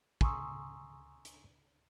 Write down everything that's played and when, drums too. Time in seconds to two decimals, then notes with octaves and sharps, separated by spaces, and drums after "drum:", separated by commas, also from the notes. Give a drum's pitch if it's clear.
0.21 G#5 A#5 C6 C#6 D#6 E6, drum: kick
1.25 drum: hi-hat